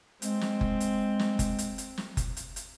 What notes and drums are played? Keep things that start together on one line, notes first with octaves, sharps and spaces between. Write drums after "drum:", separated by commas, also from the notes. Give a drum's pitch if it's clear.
G#3 C4, drum: hi-hat
drum: snare
drum: kick F#1
drum: hi-hat
drum: snare
drum: kick F#1, hi-hat
drum: hi-hat
drum: hi-hat
drum: snare
drum: kick F#1, hi-hat
drum: hi-hat
drum: hi-hat